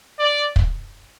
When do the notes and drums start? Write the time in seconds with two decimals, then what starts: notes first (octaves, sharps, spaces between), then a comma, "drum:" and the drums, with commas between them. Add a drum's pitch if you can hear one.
0.19 D5
0.56 drum: kick